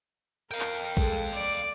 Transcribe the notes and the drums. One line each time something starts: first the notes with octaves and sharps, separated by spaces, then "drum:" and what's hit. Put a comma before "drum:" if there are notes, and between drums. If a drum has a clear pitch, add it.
A#4 F5 G5
drum: clap
G#3 A4, drum: kick A#1
D5 D6